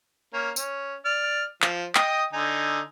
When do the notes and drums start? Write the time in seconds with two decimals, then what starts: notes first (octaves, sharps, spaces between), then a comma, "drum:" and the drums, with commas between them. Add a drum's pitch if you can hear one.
0.33 A#3 C#4
0.56 C#4, drum: tambourine
1.05 D5 F6
1.62 F3, drum: clap
1.95 D#5 G5 D#6, drum: clap
2.33 D3 D#4 G#5